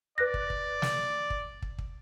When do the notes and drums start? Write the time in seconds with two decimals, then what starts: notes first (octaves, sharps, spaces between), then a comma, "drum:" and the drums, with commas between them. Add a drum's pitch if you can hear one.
0.18 B4 D5 F#6 A#6
0.34 drum: kick
0.50 drum: kick
0.82 drum: snare
1.30 drum: kick
1.62 drum: kick
1.79 drum: kick